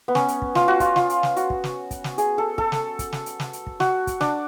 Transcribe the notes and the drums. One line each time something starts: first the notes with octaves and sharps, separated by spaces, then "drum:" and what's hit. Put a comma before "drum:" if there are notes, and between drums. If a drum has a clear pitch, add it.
B3
C#4, drum: snare
drum: hi-hat
drum: kick
F4, drum: snare
F#4
F4, drum: kick, hi-hat
F4, drum: snare
drum: hi-hat
drum: snare
F#4, drum: hi-hat
drum: kick
drum: snare
drum: kick, hi-hat
drum: snare
G#4, drum: hi-hat
A4
A4, drum: kick
drum: snare
drum: kick, hi-hat
drum: snare
drum: hi-hat
drum: snare
drum: hi-hat
drum: kick
F#4, drum: snare
drum: kick, hi-hat
D4, drum: snare